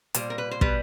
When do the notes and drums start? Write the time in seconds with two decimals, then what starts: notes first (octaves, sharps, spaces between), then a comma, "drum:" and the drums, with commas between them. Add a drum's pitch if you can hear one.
0.14 A#2 G3 C5, drum: hi-hat
0.30 A#4
0.38 B4
0.51 C5
0.61 B2 G3 B4, drum: kick